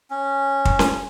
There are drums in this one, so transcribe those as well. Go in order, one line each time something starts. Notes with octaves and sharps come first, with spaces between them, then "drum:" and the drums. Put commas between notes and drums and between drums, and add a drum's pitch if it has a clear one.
C#4
drum: kick
drum: snare C#4